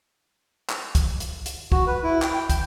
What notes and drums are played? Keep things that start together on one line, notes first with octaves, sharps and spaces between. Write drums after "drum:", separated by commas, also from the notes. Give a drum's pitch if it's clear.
drum: clap
drum: kick, hi-hat
drum: hi-hat
drum: hi-hat
F#4, drum: kick
B4
E4
G5, drum: clap
G5
G5, drum: kick, hi-hat